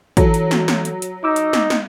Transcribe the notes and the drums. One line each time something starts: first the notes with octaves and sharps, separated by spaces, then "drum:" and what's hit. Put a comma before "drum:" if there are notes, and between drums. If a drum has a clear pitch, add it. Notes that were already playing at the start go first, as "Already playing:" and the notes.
E3 F#3 A4, drum: kick, hi-hat
drum: hi-hat
drum: snare
drum: snare
drum: hi-hat
drum: hi-hat
D#4 D6 E6
drum: hi-hat
drum: snare
drum: snare